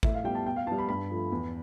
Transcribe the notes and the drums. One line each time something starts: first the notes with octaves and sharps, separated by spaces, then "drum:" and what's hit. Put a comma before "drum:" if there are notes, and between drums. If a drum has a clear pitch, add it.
A2 E5, drum: kick G#1
F5
G3 B3 G5
A5
B2 G5
F5
G3 B3 A5
B5
G2 B5
F3 A3
E2